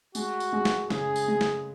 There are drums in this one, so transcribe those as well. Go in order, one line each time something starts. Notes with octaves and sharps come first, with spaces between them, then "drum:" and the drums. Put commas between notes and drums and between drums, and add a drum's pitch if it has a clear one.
G#3 F#4, drum: tambourine
drum: tambourine
G#3
drum: snare
C#3 G#4, drum: snare
drum: tambourine
G#3
drum: snare